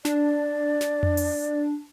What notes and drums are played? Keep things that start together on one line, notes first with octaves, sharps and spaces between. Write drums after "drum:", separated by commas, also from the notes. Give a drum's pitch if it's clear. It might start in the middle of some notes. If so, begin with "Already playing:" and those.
D4 D5, drum: snare
drum: snare
drum: tom F2
drum: open hi-hat